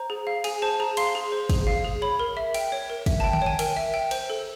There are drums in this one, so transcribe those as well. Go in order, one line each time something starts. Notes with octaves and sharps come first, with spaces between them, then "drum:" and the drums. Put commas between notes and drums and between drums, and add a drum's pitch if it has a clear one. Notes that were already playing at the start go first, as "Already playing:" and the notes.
Already playing: C5 A#5
G#4
F5
G#4 G#5, drum: cymbal
C5 A5
G#4 A#5
F5 C6, drum: cymbal
G#4
C5
G#4, drum: kick, cymbal
F5
G#4
C#5 B5
A#4
E5
G5, drum: cymbal
C#5
A#4
E5, drum: kick, cymbal
G5 A5
G5, drum: tom D3
C#5 G#5
A#4 G5, drum: cymbal
E5
G5
C5, drum: cymbal
A4